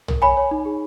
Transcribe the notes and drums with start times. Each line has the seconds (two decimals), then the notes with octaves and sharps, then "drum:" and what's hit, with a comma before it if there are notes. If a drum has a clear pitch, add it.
0.08 A#4, drum: tom
0.22 C#5 G#5 B5
0.37 C#5
0.51 D#4
0.65 G#4